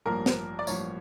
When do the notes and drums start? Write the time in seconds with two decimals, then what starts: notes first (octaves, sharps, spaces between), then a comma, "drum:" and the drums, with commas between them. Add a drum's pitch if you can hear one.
0.05 A1 G2 F3 A#3 A#4
0.26 drum: snare
0.59 D5
0.67 A1 G2 F3 A#3 C#5, drum: tambourine